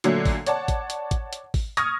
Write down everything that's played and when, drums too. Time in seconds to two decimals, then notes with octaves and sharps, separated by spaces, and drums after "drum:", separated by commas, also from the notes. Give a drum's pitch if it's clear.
0.04 A#2 D3 F#3 A3, drum: hi-hat
0.25 drum: kick G#1, open hi-hat
0.47 C#5 D5 F#5 A5, drum: hi-hat
0.68 drum: kick G#1, hi-hat
0.90 drum: hi-hat
1.11 drum: kick G#1, hi-hat
1.33 drum: hi-hat
1.54 drum: kick G#1, open hi-hat
1.77 C#6 D#6 F6 G#6 A#6, drum: hi-hat